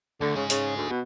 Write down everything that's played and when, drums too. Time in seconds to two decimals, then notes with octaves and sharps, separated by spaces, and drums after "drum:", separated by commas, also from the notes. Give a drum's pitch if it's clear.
0.21 D2 D3
0.36 C#3 D#4 G#4
0.50 C#3, drum: hi-hat
0.76 D2
0.89 B2